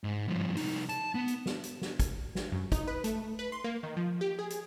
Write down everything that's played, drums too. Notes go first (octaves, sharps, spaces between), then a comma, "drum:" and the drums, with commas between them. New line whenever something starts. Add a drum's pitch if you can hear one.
G#2
G2 F3
C2 D#4, drum: open hi-hat
A5, drum: hi-hat
B3
drum: hi-hat
drum: snare
drum: hi-hat
drum: snare
drum: kick, hi-hat
drum: snare
F#2
D#4, drum: kick, hi-hat
B4
A3, drum: hi-hat
B4
C6
A#3
D#3
F3
G4
G#4
drum: hi-hat